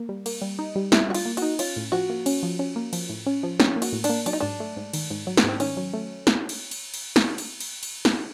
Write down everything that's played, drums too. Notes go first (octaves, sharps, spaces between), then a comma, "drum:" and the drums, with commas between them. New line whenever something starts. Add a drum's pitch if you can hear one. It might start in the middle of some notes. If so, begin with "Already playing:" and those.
Already playing: A#3
G3
A#3, drum: cymbal
G3
D#4
G3
G3 E4, drum: snare
G3 F#4
F4, drum: cymbal
A#3
D#4 F#4, drum: cymbal
C#4 F4, drum: cymbal
A2
F3 F#4
A#3
C#4, drum: cymbal
F3
C#4
A#3
F3, drum: cymbal
A2
C#4
F3
C#4 G4, drum: snare
A#3
F#4, drum: cymbal
A2
D4, drum: cymbal
A#3
F#3 D4, drum: cymbal
D#4
G#2 D4
A3
G#2
D#3, drum: cymbal
G#2
F#3
B3, drum: snare
G#2 C4
D#3 C#4, drum: cymbal
F#3
A3
drum: snare
drum: cymbal
drum: cymbal
drum: cymbal
drum: snare
drum: cymbal
drum: cymbal
drum: cymbal
drum: snare